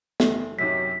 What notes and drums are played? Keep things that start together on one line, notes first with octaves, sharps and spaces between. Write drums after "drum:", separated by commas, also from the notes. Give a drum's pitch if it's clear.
F#1 D#3 A3 C7, drum: snare
F#2 C3 D#3 F#3 B6